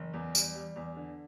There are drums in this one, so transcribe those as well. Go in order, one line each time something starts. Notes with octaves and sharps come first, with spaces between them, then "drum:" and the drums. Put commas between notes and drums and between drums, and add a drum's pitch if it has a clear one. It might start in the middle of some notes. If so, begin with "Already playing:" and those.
Already playing: F#1 E3
E2
G3, drum: tambourine
G3
E2
D3